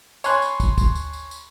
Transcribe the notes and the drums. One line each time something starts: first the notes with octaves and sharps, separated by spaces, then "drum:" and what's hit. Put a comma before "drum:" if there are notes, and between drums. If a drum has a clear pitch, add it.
C#5 G#5 A5 B5 C6 F#6, drum: tambourine
drum: tambourine
drum: kick, tambourine
drum: kick, tambourine
drum: tambourine
drum: tambourine
drum: tambourine